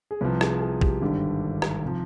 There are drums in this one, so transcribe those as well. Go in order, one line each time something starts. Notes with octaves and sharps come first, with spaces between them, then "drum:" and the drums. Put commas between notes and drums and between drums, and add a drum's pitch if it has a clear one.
G#4
C2 C3 F3 B4
G#4, drum: rim click
G#4
G4, drum: kick
G#1 G2 D3
drum: rim click
C3 F3